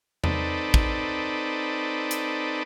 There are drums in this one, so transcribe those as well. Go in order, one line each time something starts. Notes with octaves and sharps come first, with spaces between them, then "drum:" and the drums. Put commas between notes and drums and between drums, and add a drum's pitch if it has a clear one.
C4 D#4 A4 B4 D5, drum: tom E2
drum: kick
drum: hi-hat